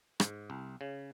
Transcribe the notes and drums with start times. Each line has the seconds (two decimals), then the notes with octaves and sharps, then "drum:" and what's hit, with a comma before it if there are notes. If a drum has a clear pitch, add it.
0.20 G#2, drum: rim click
0.50 C2
0.81 C#3